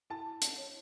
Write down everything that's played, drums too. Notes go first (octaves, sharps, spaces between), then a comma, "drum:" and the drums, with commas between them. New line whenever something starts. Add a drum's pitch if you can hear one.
E4 A5
E4
E4, drum: hi-hat
C#5